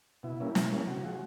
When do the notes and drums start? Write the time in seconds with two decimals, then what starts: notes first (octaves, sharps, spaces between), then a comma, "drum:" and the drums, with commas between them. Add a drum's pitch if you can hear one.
0.23 B2 E4
0.40 G3 A#3 C#4
0.55 B2, drum: snare
0.71 G3 A#3 C#4
0.87 C3 F#4
1.04 F3 G#3 F#4